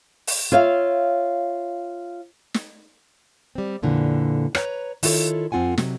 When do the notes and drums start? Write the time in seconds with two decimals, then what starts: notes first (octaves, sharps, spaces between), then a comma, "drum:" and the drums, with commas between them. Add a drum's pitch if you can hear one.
0.27 drum: open hi-hat
0.52 F4 C#5 E5 F5
2.54 drum: snare
3.55 G3 C4
3.82 F2 A#2 D3 E3
4.55 B4 C#5 F#5 A#5, drum: rim click
5.03 D#3 E4 F4 A4 C#5, drum: open hi-hat
5.52 F2 C4 F4 F#5 G#5
5.78 C3 F#3, drum: snare